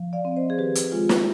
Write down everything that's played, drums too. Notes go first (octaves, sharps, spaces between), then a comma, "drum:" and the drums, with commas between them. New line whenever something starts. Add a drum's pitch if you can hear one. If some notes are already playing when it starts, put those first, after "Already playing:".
Already playing: F3
D5 F5
C4
C5 D#5
G#4
D#3 G4 B4
drum: hi-hat
G#3 F4 G#4
drum: snare